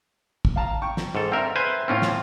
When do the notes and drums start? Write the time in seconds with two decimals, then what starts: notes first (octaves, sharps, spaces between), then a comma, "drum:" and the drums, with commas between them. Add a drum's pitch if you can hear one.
0.45 drum: kick
0.56 F5 A5 A#5
0.82 G5 C#6
0.97 drum: snare
1.15 G#2 A4
1.32 C4 A#4 E5 A#5 E6
1.56 B4 C5 G#5
1.88 A2 C4 C#4 F4 F6
2.02 drum: snare